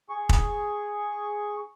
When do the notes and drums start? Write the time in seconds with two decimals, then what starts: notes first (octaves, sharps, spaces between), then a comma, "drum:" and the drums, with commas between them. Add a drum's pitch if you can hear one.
0.09 G#4 C#6
0.29 drum: kick